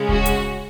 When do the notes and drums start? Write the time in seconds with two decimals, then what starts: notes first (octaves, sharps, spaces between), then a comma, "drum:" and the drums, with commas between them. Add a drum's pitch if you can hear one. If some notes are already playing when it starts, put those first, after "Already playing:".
Already playing: C#3 G#3 C#4
0.09 F#4, drum: kick D#1
0.26 drum: hi-hat